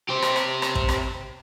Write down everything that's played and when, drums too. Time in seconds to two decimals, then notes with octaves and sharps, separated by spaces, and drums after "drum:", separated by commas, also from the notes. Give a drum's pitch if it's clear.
0.09 G4 C5
0.23 drum: rim click
0.36 drum: rim click
0.62 drum: rim click
0.75 drum: kick
0.89 drum: rim click